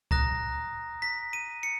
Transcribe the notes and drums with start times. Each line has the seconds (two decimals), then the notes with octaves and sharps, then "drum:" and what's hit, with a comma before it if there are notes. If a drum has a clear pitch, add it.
0.11 A#5 D#6 F#6 A#6, drum: kick C#2
1.02 B6
1.33 D#7
1.63 C#7